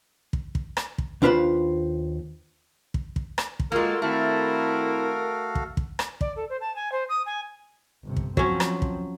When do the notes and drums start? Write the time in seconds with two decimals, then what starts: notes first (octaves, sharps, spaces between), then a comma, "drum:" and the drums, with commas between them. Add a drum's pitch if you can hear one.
0.33 drum: kick
0.55 drum: kick
0.77 drum: rim click
0.98 drum: kick
1.22 D#2 D4 F4 B4 C5 B5
2.94 drum: kick
3.16 drum: kick
3.38 drum: rim click
3.60 drum: kick
3.72 G#3 A#3 F4 F#4 A4 A#4
4.02 D#3 A3 C4 E4 F#4 A4 F5
5.55 drum: kick
5.77 drum: kick
5.99 drum: rim click
6.21 D5, drum: kick
6.36 A4
6.49 C5
6.60 A5
6.75 G#5
6.92 C5
7.09 D#6
7.26 G#5
8.04 G1 C3
8.16 drum: kick
8.37 F3 F#3 C4 C#4, drum: kick
8.60 drum: rim click
8.82 drum: kick